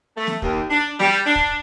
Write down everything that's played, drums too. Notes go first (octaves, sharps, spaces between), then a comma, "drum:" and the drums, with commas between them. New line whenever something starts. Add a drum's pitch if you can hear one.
A3
drum: snare
D#2, drum: kick
D4
G3, drum: snare
D4
drum: kick